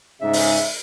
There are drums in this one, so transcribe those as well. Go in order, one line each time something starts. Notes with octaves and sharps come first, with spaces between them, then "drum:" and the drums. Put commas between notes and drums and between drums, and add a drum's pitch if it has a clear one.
G#2 C#3 E5
drum: open hi-hat